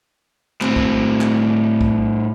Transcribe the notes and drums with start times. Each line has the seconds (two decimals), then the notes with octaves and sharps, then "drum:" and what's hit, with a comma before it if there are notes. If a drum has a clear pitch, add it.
0.61 A2 C4, drum: clap
0.76 drum: kick A#1
1.21 drum: clap
1.81 drum: kick A#1